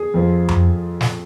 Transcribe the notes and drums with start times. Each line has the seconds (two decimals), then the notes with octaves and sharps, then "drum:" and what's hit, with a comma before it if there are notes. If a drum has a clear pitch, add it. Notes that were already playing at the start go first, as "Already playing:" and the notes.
Already playing: G#4
0.14 F2 F3
0.49 drum: tom F2
1.01 drum: snare